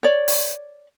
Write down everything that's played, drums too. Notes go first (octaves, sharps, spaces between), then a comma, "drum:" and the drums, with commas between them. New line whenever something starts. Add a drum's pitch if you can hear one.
C#5 D5
drum: open hi-hat